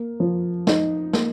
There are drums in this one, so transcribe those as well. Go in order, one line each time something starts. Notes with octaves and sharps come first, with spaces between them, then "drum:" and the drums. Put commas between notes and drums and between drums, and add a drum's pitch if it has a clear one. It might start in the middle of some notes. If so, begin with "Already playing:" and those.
Already playing: A#3
F3
D#4, drum: snare
A#3, drum: snare